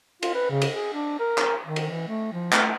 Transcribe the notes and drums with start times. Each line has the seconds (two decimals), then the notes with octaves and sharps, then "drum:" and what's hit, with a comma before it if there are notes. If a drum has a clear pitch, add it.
0.22 F4, drum: cymbal
0.34 B4
0.51 C#3
0.62 drum: cymbal
0.73 G#4
0.94 D4
1.19 A#4
1.38 drum: clap
1.65 D#3
1.76 drum: cymbal
1.91 E3
2.08 A3
2.33 F3
2.53 A3, drum: clap